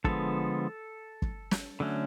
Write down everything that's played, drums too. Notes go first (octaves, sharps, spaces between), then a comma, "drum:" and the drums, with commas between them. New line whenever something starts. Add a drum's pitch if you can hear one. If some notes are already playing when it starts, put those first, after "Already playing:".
D3 F3 G#3 B3 A4, drum: kick
drum: kick
drum: snare
D3 F#3 A3 C#4